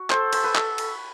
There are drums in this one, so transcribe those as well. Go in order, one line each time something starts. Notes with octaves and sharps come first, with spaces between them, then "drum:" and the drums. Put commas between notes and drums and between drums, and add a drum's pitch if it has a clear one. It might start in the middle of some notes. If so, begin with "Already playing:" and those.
Already playing: F#4
A4 C5, drum: clap
C5, drum: cymbal
B4
drum: clap
drum: cymbal